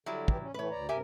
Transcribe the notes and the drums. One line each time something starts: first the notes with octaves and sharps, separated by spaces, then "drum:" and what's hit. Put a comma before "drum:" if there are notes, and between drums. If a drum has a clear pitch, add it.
D3 F#3 G3 E4
E3 G4, drum: kick
C#4
A2 E3 A3 B4 C#5
D2 D5 A#5
G2 C3 G4 A#4 E5 G#5